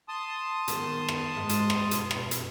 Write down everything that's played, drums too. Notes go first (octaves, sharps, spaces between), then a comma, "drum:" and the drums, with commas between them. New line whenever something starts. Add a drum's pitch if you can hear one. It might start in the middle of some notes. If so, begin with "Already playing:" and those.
A5 C6 D#6
D#3 B3 G#4, drum: hi-hat
drum: rim click
G#2 G#3
drum: hi-hat
drum: rim click
B2, drum: hi-hat
drum: rim click
drum: hi-hat